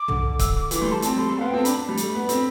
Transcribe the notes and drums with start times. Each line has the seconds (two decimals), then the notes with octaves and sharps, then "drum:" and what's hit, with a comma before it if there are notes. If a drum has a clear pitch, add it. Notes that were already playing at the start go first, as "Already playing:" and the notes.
Already playing: D6
0.08 D3, drum: tom
0.39 E6, drum: kick C#1, hi-hat
0.56 D6
0.71 E3 D6, drum: hi-hat
0.82 G3 C6
0.92 A3 A5
1.02 C4 A5, drum: hi-hat
1.17 G3 C6
1.29 A3
1.38 B3 F5
1.47 G5
1.54 C4 A5
1.65 D4 B5, drum: hi-hat
1.89 G3
1.97 A3 B5, drum: hi-hat
2.15 B3
2.29 C4, drum: hi-hat